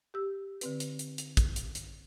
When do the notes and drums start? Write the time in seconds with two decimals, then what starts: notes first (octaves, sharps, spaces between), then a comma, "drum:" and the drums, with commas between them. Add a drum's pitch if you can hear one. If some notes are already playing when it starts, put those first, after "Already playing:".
0.14 G4 E6
0.61 D3 C4 B4, drum: hi-hat
0.80 drum: hi-hat
0.99 drum: hi-hat
1.18 drum: hi-hat
1.37 drum: kick, hi-hat
1.56 drum: hi-hat
1.75 drum: hi-hat